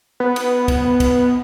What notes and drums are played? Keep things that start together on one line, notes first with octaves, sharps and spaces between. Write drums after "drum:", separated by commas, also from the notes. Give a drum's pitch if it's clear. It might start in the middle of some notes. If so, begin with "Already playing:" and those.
B3
drum: cymbal
drum: kick, cymbal
drum: tom F#2
drum: kick, cymbal